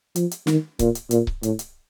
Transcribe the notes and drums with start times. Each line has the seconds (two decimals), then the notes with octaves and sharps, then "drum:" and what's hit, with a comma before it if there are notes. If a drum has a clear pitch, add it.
0.16 F3, drum: hi-hat
0.31 drum: hi-hat
0.47 D#3, drum: snare
0.79 A#2, drum: kick C#1, hi-hat
0.95 drum: hi-hat
1.11 A#2, drum: hi-hat
1.27 drum: kick C#1
1.43 A2, drum: hi-hat
1.59 drum: hi-hat